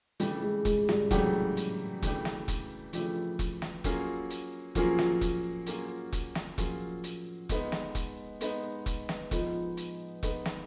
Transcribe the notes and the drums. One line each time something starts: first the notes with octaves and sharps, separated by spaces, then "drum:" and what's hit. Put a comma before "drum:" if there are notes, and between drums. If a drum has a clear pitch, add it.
C#3 E3 G3 A3 D4 G4, drum: hi-hat
G#3
G#3, drum: kick E1, hi-hat
G3, drum: snare
C#3 E3 F#3 A3 D4 G4, drum: kick E1, hi-hat
drum: hi-hat
C#3 E3 A3 D4 G4, drum: kick E1, hi-hat
drum: snare
drum: kick E1, hi-hat
C#3 E3 F3 A3 D4 G4, drum: hi-hat
drum: kick E1, hi-hat
drum: snare
F#3 A#3 C#4 F4 G#4, drum: kick E1, hi-hat
drum: hi-hat
F3 F#3 A#3 C#4 F4 G#4, drum: kick E1, hi-hat
drum: snare
drum: kick E1, hi-hat
F#3 A#3 C#4 F4 G#4, drum: hi-hat
drum: kick E1, hi-hat
drum: snare
F3 F#3 A#3 C#4 F4 G#4, drum: kick E1, hi-hat
drum: hi-hat
G#3 B3 D#4, drum: kick E1, hi-hat
drum: snare
drum: kick E1, hi-hat
G#3 B3 D#4, drum: hi-hat
drum: kick E1, hi-hat
drum: snare
F3 G#3 B3 D#4, drum: kick E1, hi-hat
drum: hi-hat
G#3 B3 D#4, drum: kick E1, hi-hat
drum: snare